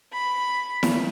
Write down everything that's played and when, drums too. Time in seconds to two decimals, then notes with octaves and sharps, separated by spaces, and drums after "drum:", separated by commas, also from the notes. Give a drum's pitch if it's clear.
0.13 B5
0.83 drum: snare E4